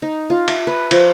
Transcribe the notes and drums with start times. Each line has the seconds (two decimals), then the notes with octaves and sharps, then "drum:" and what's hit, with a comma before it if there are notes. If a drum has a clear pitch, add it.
0.02 D#4
0.30 F4
0.48 E5, drum: cymbal
0.67 B4
0.91 F3, drum: cymbal